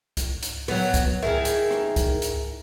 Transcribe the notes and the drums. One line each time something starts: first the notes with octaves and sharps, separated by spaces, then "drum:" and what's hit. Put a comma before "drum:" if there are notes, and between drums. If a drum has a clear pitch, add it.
drum: kick C#2, hi-hat
drum: hi-hat
F#3 B3, drum: open hi-hat
drum: kick C#2, hi-hat
D#3 E4 G#4 A#4
drum: hi-hat
drum: rim click
drum: kick C#2, hi-hat
drum: hi-hat